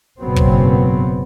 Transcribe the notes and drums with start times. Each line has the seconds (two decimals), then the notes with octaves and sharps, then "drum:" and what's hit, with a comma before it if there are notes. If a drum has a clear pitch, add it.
0.20 F#1 G#2 B2 F#3 B3 C4
0.36 drum: kick